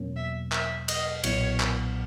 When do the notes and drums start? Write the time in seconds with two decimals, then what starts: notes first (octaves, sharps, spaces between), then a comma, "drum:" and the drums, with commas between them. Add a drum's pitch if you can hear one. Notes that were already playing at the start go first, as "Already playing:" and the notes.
Already playing: E2 B2 F#3 A#3 C#4
0.16 E5
0.52 E5, drum: clap
0.88 D#5, drum: cymbal
1.24 B1 A#2 F#3 B3 E4 C#5, drum: cymbal
1.60 drum: clap